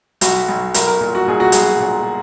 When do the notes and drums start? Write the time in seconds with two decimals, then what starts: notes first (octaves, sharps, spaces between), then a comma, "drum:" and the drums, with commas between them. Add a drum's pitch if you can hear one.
0.21 B1 F#4, drum: hi-hat
0.48 B1
0.74 B1 A#4, drum: hi-hat
0.88 A#4
1.01 A#2
1.15 F#4
1.28 A#2 G#4
1.40 F#4
1.52 B1 G#4, drum: hi-hat
1.80 A#2